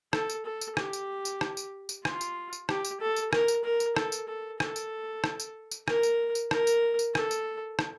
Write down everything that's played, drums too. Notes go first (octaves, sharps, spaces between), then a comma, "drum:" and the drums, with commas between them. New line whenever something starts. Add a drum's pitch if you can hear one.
A4, drum: rim click
drum: tambourine
A4
drum: tambourine
G4, drum: rim click
drum: tambourine
drum: tambourine
drum: rim click
drum: tambourine
drum: tambourine
F4, drum: rim click
drum: tambourine
drum: tambourine
G4, drum: rim click
drum: tambourine
A4
drum: tambourine
A#4, drum: rim click
drum: tambourine
A#4
drum: tambourine
A4, drum: rim click
drum: tambourine
A4
A4, drum: rim click
drum: tambourine
drum: rim click
drum: tambourine
drum: tambourine
A#4, drum: rim click
drum: tambourine
drum: tambourine
A#4, drum: rim click
drum: tambourine
drum: tambourine
A4, drum: rim click
drum: tambourine
drum: rim click